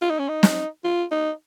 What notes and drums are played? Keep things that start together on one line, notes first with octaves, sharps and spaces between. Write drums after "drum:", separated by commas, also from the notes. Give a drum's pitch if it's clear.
F4
D#4
C#4
D#4
drum: snare
F4
D#4